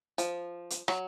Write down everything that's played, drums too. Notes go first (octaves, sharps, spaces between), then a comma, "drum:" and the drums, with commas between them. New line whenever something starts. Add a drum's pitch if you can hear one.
F3, drum: hi-hat
drum: hi-hat
F#3, drum: rim click